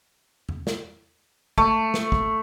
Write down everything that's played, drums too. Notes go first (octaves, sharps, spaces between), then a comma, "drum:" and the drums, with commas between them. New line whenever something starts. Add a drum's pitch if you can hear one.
drum: tom E2
drum: snare
A3, drum: kick
drum: snare
drum: kick